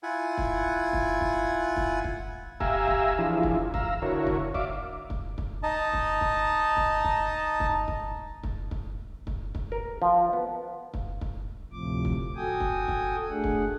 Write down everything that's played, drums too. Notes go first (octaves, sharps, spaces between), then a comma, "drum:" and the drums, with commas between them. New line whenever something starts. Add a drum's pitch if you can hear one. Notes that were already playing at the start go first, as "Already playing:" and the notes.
E4 F4 F#5 G#5
drum: kick
drum: kick
drum: kick
drum: kick
drum: kick
G4 E5 F5 G#5 A#5 E6, drum: kick
drum: kick
E3 F3 D4 E4 F4 G#4
drum: kick
F5 A#5 E6, drum: kick
D3 E4 F#4 A#4 C#5
drum: kick
D5 E5 F5 D6, drum: kick
drum: kick
drum: kick
D#4 D#5 A5
drum: kick
drum: kick
drum: kick
drum: kick
drum: kick
drum: kick
drum: kick
drum: kick
drum: kick
drum: kick
A#4
F3
B3
drum: kick
drum: kick
D2 A2 C3 F3 D6
drum: kick
F#4 A4 G5 G#5 D#6
drum: kick
drum: kick
A3 D4 G#4 F#5
drum: kick